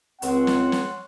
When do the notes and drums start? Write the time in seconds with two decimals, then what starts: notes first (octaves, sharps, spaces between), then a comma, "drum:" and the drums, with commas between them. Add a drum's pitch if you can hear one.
0.22 C#2 C4 C#5 F#5 C6, drum: hi-hat
0.47 drum: snare
0.72 drum: snare